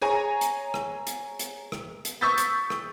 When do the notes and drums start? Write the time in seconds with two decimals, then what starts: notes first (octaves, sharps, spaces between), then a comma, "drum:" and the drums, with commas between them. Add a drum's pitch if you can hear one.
0.01 G#4 C#5 G#5 A#5
0.41 drum: hi-hat
0.74 drum: rim click
1.07 drum: hi-hat
1.39 drum: hi-hat
1.72 drum: rim click
2.05 drum: hi-hat
2.21 C#6 D#6 E6 G6 A6 B6
2.38 drum: hi-hat
2.70 drum: rim click